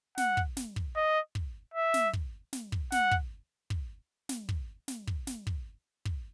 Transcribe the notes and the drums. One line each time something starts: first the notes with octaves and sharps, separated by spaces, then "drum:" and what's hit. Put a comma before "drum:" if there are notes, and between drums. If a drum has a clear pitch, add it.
F#5, drum: snare
drum: kick
drum: snare
drum: kick
D#5
drum: kick
E5
drum: snare
drum: kick
drum: snare
drum: kick
F#5, drum: snare
drum: kick
drum: kick
drum: snare
drum: kick
drum: snare
drum: kick
drum: snare
drum: kick
drum: kick